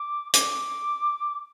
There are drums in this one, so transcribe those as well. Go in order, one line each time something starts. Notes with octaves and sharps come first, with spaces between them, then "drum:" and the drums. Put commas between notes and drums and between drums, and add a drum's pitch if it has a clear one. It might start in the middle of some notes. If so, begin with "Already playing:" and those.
Already playing: D6
D6, drum: hi-hat